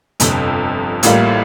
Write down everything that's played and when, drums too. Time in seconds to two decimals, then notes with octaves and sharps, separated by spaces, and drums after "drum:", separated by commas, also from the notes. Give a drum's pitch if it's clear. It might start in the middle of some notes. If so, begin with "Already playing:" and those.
0.20 G1 F2 C3, drum: hi-hat
1.03 A1 A2 G3 A#3 F4, drum: hi-hat